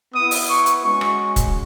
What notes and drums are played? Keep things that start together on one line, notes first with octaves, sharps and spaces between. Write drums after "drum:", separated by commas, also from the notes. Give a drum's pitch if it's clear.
B3 E4 D#6
drum: open hi-hat
C#6
drum: hi-hat
G#3 C#4 F#4 C#6
drum: rim click
drum: kick, hi-hat